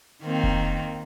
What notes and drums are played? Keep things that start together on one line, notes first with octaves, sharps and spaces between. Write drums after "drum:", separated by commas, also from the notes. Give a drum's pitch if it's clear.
D#3 A#3 C4
drum: kick F1